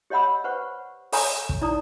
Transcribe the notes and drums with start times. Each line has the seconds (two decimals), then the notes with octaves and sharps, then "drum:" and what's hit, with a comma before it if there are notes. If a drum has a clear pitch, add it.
0.10 G4 C#5 D#5 F#5 B5 E6
0.44 B4 C5 F#5 C#6
1.12 A4 C#5 G#5 A#5 D#6, drum: open hi-hat
1.49 drum: kick
1.61 D#4 E4 D5 A#5 D#6